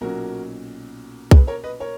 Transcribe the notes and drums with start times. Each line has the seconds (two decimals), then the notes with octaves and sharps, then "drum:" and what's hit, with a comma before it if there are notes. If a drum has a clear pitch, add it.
0.01 B1 A#2 F#3 C#4 F#4 A#4
1.31 G#4 B4, drum: kick C2
1.47 A#4 C#5
1.64 B4 D#5
1.80 A#4 C#5